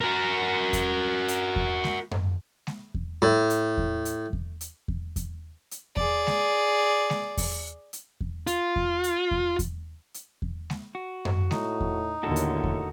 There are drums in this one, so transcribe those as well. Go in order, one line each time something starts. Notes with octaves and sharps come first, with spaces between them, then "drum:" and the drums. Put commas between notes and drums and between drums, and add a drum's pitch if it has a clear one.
F#4 A#4
drum: kick E2, hi-hat
drum: hi-hat
drum: kick E2
drum: snare G#3
drum: tom F#2
drum: snare G#3
drum: kick E2
A2
drum: hi-hat
drum: kick E2
drum: hi-hat
drum: kick E2
drum: hi-hat
drum: kick E2
drum: kick E2, hi-hat
drum: hi-hat
G#4 D5, drum: kick E2
drum: snare G#3
drum: snare G#3
drum: kick E2, open hi-hat
drum: hi-hat
drum: kick E2
F4, drum: hi-hat
drum: kick E2
drum: hi-hat
drum: kick E2
drum: kick E2, hi-hat
drum: hi-hat
drum: kick E2
drum: snare G#3
F#4
drum: tom F#2
A2 D#4, drum: snare G#3
drum: kick E2
D#2 A2 D3 F#4 A4
drum: hi-hat
drum: kick E2